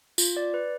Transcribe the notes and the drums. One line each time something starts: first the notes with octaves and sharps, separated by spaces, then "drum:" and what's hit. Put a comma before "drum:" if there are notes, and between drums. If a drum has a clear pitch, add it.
F4, drum: tambourine
D5
B4